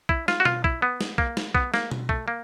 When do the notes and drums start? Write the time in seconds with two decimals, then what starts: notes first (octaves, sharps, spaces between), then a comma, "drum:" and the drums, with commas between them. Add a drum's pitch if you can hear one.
0.09 E4, drum: kick
0.28 F4, drum: snare
0.40 F#4
0.45 F4, drum: tom B2
0.64 E4, drum: kick
0.82 B3
1.01 drum: snare
1.18 A#3, drum: kick
1.37 drum: snare
1.55 B3, drum: kick
1.74 A#3, drum: snare
1.91 drum: tom B2
2.09 A3, drum: kick
2.28 A#3